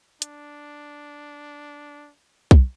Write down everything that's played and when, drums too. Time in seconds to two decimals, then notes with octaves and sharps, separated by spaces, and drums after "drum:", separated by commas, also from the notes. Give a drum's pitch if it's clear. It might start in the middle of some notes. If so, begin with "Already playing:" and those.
0.22 D4, drum: hi-hat
2.51 drum: kick B1